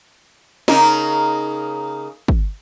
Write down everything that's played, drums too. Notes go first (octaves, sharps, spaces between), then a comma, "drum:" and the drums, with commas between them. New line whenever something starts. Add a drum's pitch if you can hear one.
C#3 A#3 D#4, drum: snare
drum: kick